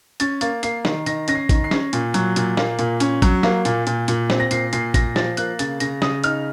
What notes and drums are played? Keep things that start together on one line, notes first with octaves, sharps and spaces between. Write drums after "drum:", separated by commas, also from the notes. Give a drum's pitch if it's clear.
C#4 A6, drum: hi-hat
A#3 A6, drum: hi-hat
A#3 C7, drum: hi-hat
D#3, drum: snare
D#3 A#6, drum: hi-hat
C#4 A#6, drum: hi-hat
C7
D#3, drum: kick, hi-hat
C7
C#4, drum: snare
A#2, drum: hi-hat
F#3, drum: hi-hat
A#2, drum: hi-hat
A#3, drum: snare
A#2, drum: hi-hat
C#4, drum: hi-hat
F#3, drum: kick, hi-hat
A#3, drum: snare
A#2, drum: hi-hat
A#2, drum: hi-hat
A#2, drum: hi-hat
C4, drum: snare
A#6
A#2 C7, drum: hi-hat
A#2 C7, drum: hi-hat
A#2 A#6, drum: kick, hi-hat
F3 A6, drum: snare
A#3 F#6, drum: hi-hat
C#3 A6, drum: hi-hat
C#3 A#6, drum: hi-hat
C#3 D#6, drum: snare
D#4 F6, drum: hi-hat